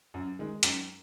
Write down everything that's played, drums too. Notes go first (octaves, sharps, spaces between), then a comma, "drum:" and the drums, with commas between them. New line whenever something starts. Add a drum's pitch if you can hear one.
F#2
D#3 G#3
F#2, drum: hi-hat